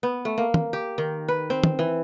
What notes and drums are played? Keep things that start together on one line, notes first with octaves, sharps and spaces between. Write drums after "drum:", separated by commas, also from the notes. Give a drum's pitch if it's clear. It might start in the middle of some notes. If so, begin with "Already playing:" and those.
B3
A3
A#3
drum: tom
G4
D#3
B4
C4
drum: tom
E3